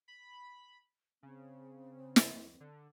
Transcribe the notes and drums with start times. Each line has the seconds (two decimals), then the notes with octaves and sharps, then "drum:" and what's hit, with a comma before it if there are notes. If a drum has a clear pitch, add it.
0.08 B5
1.23 C#3 C4
2.16 drum: snare
2.60 D3